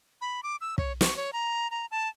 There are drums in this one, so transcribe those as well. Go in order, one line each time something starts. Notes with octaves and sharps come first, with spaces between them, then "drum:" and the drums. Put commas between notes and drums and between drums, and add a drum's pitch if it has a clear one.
B5
D6
E6
C#5, drum: kick
C#6, drum: snare
C#5
A#5
A#5
A5